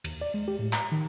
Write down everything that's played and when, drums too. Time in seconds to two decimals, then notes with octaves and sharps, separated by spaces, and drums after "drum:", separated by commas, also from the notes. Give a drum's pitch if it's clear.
0.04 D#2, drum: cymbal
0.21 D5
0.34 G#3
0.48 G4
0.59 A2
0.73 A#5, drum: clap
0.92 D#3